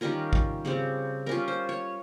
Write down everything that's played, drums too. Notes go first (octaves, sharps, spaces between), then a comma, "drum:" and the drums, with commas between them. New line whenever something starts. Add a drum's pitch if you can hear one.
D#3 G3 C#4 F4 A#4
drum: kick A1
C#3 G3 C4
G3 C#4 F4 A#4
C5
C#5